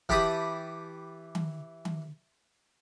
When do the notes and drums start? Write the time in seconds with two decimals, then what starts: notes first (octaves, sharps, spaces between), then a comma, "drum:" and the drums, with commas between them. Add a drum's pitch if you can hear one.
0.09 E3 G4 A5 B5 D#6, drum: kick E1
1.35 drum: tom D#3
1.85 drum: tom D#3